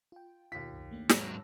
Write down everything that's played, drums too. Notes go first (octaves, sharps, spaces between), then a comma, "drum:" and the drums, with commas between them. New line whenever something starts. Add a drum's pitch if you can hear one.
F4 G5
D#2 B2 F4 B6
C2 F#2
A3 A#3 D4
G#2 F#3 A5 E6 A#6, drum: snare